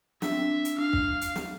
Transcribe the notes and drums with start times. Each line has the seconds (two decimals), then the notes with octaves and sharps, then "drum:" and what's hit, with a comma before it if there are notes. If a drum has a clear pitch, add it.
0.22 D4 E5, drum: snare
0.32 C4
0.41 D4
0.65 drum: hi-hat
0.78 D4 F5
0.93 drum: kick
1.21 drum: hi-hat
1.36 drum: snare